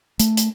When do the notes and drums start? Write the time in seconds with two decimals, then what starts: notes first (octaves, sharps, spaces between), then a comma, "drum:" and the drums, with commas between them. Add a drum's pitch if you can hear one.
0.20 A3, drum: hi-hat
0.37 drum: hi-hat